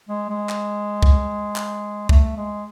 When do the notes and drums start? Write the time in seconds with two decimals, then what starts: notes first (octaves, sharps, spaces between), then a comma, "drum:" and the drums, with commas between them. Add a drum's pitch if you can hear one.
0.09 G#3
0.29 G#3
0.49 drum: clap
1.03 drum: kick
1.56 drum: clap
2.09 A3, drum: kick
2.36 G#3